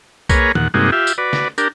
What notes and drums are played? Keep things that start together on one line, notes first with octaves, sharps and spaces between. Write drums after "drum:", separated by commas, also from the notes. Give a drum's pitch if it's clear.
A#3 G#4 B4 C#5 A#5, drum: kick B1, tambourine
D#2 A#2 F#5, drum: tom
G2 C3 G#3 A#3 D#4 F#4
F4 G4 E5
drum: tambourine
F#4 B4 D5
drum: snare
D4 G4 A#4, drum: tambourine